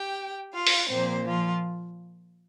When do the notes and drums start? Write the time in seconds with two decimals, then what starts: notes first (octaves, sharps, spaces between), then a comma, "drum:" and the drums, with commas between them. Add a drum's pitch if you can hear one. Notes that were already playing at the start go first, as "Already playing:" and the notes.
Already playing: G4 G5
0.54 F4 F5
0.67 drum: open hi-hat
0.90 A#2 F3 A#3 C4 C5
1.25 F3 F4